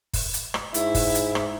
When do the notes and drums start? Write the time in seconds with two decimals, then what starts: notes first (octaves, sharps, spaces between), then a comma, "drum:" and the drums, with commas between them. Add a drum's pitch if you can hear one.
0.13 drum: kick F#1, open hi-hat
0.34 drum: hi-hat
0.54 drum: rim click
0.74 G#2 E4, drum: hi-hat
0.95 drum: kick F#1, open hi-hat
1.15 drum: hi-hat
1.35 drum: rim click